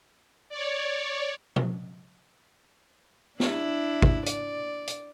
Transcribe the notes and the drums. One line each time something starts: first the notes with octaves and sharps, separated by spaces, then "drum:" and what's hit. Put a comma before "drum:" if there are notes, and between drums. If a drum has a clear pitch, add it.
C#5 D5
drum: tom B2
D4 E4, drum: snare
drum: kick
D5, drum: hi-hat
drum: hi-hat